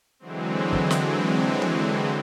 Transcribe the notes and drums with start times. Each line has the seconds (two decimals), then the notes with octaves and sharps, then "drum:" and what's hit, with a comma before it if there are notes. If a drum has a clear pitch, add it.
0.19 D3 E3 F#3 G#3 C4
0.73 drum: kick
0.91 drum: snare
1.62 drum: tom